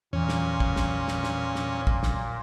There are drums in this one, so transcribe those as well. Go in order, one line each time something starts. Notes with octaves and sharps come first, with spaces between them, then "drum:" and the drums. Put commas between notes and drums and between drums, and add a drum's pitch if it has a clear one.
E2 A#2 C#4
drum: snare
drum: kick
drum: snare
drum: snare
drum: snare
drum: snare
drum: kick
drum: snare